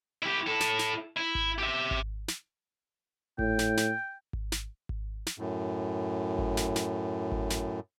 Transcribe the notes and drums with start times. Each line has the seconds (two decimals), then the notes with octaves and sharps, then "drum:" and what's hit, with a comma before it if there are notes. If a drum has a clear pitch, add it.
0.23 E4 G4
0.47 E4 A4
0.60 drum: snare
0.79 drum: snare
1.16 E4
1.35 drum: kick G#1
1.58 G4 E5
1.91 drum: kick G#1
2.28 drum: snare
3.39 A2 G5, drum: kick G#1
3.59 drum: snare
3.77 drum: snare
4.33 drum: kick G#1
4.52 drum: snare
4.89 drum: kick G#1
5.27 drum: snare
5.38 F#2 A2
6.38 drum: kick G#1
6.57 drum: snare
6.76 drum: snare
7.32 drum: kick G#1
7.50 drum: snare